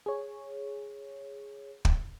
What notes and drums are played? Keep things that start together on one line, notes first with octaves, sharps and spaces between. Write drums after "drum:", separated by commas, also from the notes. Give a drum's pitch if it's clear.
G#4 C#5
drum: kick